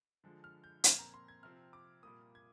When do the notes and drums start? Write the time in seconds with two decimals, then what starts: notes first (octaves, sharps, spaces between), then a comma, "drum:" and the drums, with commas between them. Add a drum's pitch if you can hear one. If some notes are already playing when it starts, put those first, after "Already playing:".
0.24 D3 F3 G#3
0.44 F6
0.64 G6
0.84 A#2 F3 C4 G#6, drum: hi-hat
0.99 A#5
1.14 C6
1.28 G#6
1.43 C3 F3 C4 F6
1.73 D6
2.03 A#2 G3 A#3 D#6
2.35 G#6